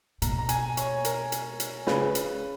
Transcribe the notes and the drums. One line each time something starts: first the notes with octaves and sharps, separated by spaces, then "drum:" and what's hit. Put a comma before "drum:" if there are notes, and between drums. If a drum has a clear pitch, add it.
B2 A#5, drum: hi-hat
A#5
G#5, drum: hi-hat
C#5, drum: hi-hat
A#4, drum: hi-hat
drum: hi-hat
drum: hi-hat
C#3 B4, drum: snare
drum: hi-hat